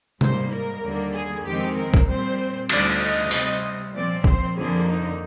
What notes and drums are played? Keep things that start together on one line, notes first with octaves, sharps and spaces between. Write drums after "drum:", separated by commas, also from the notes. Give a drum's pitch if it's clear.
G#2 G3 A#3 C5, drum: tom
A#4
D#2 D3 G3 A#3
G#4
F2 D#3 G#3 C4 G4
A#4
drum: kick
A#2 G3 C4 C5
D2 D3 G3 D5, drum: cymbal
D#5
C3 G3 C4, drum: open hi-hat
A#2 F3 C4 D5
C5, drum: kick
F2 D3 F3 A#3 G#4
D#4